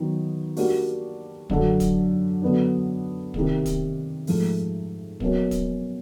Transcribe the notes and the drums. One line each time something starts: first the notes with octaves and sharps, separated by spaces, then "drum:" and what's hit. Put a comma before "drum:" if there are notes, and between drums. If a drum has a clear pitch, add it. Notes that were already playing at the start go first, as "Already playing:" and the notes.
Already playing: D#3 F#3 B3 D#4
G3 A#3 D4 F#4, drum: open hi-hat
F#2 D3 F#3, drum: kick
drum: kick, hi-hat
D3 F#3 B3 D4
C3 D#3 G3 A#3, drum: kick
drum: kick, hi-hat
G#2 F3 A3, drum: open hi-hat
B2 F#3 A#3 C#4, drum: kick
drum: kick, hi-hat